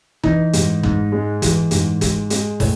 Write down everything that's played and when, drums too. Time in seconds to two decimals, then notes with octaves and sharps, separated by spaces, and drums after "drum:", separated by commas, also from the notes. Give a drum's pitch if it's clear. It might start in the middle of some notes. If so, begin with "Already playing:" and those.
0.23 E3 D#4, drum: kick
0.53 G#2, drum: hi-hat
0.83 G#2, drum: kick
1.12 G#3
1.42 E3, drum: kick, hi-hat
1.71 G#2, drum: hi-hat
2.01 G#3, drum: kick, hi-hat
2.30 G#3, drum: hi-hat
2.60 A2, drum: kick, open hi-hat